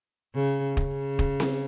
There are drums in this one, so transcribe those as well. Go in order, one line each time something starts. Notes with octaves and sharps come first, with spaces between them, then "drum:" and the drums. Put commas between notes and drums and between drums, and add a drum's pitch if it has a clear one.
C#3
C#3, drum: kick
drum: kick
drum: snare C4